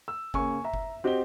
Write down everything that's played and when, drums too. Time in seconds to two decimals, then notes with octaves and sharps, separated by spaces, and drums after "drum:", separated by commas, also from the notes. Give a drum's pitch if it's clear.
0.08 E6
0.34 C#3 A#3 G#5 C#6, drum: kick F#1
0.64 E5 A#5
0.74 drum: kick F#1
1.04 C4 F#4 G4 D#5 G7